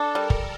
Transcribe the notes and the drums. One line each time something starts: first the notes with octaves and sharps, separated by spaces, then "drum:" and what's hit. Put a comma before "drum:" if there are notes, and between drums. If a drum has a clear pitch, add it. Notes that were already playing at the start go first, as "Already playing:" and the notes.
Already playing: D4 A4
G3 A#4
drum: kick